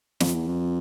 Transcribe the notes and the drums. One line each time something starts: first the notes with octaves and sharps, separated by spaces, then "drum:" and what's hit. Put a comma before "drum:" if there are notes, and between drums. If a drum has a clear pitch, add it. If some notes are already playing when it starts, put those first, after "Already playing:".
F2, drum: snare
E2
F2